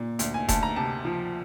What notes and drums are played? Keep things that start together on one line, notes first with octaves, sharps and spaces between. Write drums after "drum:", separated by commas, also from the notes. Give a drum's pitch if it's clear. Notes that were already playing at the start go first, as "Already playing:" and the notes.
Already playing: A#2
D2, drum: hi-hat
G#5
D2 A5, drum: kick F1, hi-hat
A#5
C3 A5
F3